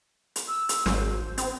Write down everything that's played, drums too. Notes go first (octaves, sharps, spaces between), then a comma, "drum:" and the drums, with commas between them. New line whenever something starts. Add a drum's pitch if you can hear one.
drum: hi-hat
E6
drum: hi-hat
G#1 C5, drum: snare
C4, drum: hi-hat